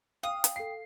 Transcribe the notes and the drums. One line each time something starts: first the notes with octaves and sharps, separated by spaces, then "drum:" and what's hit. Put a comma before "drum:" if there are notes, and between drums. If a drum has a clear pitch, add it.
F5 G5 D#6
drum: hi-hat
A4 F5 C7